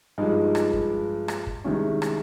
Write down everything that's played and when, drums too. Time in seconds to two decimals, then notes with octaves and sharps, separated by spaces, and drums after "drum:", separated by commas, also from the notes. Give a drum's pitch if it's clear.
0.18 G2 F3 G#3 D#4
0.55 drum: rim click
0.73 drum: kick
1.28 drum: rim click
1.47 drum: kick
1.64 C2 C3 D#3 G#3 C#4
2.02 drum: rim click